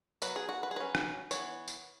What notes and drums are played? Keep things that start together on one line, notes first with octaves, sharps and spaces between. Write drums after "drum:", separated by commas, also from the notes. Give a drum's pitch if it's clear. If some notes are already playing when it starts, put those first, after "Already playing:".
F#3 B3 B4, drum: tambourine
G#4
F#4
B4
G#4
F#3 C#4 B4
drum: rim click
E3 B3 C#5, drum: tambourine
drum: tambourine